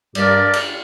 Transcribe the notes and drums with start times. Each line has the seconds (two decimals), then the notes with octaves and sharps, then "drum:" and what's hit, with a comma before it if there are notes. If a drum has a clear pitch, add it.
0.15 G2 A#3 D4 G4 A#4 D5, drum: cymbal
0.53 drum: cymbal